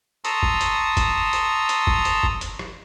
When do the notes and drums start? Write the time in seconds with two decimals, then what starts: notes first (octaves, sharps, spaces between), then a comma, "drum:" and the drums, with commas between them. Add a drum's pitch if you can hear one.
0.25 A5 A#5 C6 C#6 D#6 E6, drum: hi-hat
0.43 drum: kick
0.61 drum: hi-hat
0.97 drum: kick, hi-hat
1.33 drum: hi-hat
1.69 drum: hi-hat
1.87 drum: kick
2.05 drum: hi-hat
2.23 drum: kick
2.41 drum: hi-hat
2.59 drum: rim click